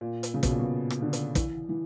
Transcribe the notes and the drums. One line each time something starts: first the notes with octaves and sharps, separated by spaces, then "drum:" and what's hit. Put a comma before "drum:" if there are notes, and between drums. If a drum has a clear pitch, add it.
A#2
drum: hi-hat
C#3
B2, drum: kick, hi-hat
A#2
B2
drum: rim click
D3
drum: hi-hat
E3, drum: kick, hi-hat
E3